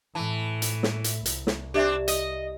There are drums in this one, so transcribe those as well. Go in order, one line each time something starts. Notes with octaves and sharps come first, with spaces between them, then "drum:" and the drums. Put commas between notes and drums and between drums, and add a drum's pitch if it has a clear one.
A2 E3 A5
drum: hi-hat
drum: snare
drum: hi-hat
C2, drum: hi-hat
drum: snare
C4 D4 G4 D5 E5
D#5, drum: hi-hat